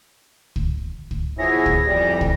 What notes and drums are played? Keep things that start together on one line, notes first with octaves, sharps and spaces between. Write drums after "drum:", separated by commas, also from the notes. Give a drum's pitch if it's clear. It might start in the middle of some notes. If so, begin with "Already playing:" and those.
drum: kick
drum: kick
B2 E3 F3 E4 G#4 C#5 A#6
drum: kick
F2 E3 G3
drum: kick